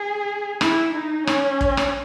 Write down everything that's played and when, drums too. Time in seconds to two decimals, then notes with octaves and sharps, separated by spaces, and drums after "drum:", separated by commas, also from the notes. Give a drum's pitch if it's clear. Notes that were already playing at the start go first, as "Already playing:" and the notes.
Already playing: G#4
0.61 E4, drum: rim click
0.94 D#4
1.27 C#4, drum: rim click
1.61 drum: kick
1.77 drum: rim click